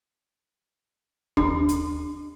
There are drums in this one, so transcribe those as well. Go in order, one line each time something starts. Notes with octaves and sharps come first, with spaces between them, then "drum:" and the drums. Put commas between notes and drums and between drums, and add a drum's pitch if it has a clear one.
D4, drum: kick D#2
drum: hi-hat